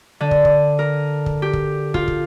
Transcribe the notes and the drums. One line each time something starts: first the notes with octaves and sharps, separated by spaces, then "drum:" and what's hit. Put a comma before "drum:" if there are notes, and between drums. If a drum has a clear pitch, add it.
D3
drum: kick
drum: kick
A#4
drum: kick
G4
drum: kick
F4, drum: kick
drum: kick